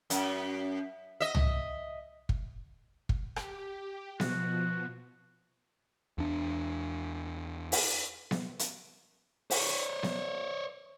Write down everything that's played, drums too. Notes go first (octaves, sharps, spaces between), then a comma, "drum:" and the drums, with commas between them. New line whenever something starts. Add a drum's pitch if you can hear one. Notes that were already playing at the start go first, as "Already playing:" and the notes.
F#2, drum: hi-hat
D#5 E5
drum: tom
drum: kick
drum: kick
G4, drum: rim click
B2 F3 F#4, drum: snare B3
E2 D4
drum: open hi-hat
drum: snare B3
drum: hi-hat
C5 C#5, drum: open hi-hat
drum: snare B3